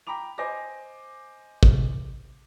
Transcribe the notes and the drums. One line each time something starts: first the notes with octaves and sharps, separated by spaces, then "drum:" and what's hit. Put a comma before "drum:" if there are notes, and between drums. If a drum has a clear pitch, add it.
G5 A#5 B5 D6 F7
C5 D#5 G#5 D6 A#6
drum: kick